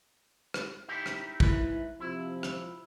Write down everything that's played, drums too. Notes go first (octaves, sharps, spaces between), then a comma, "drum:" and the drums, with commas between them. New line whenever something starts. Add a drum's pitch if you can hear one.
drum: rim click
D#4 E4 G4
drum: rim click
G#2 E4 B4, drum: kick
C3 F3 E4
drum: rim click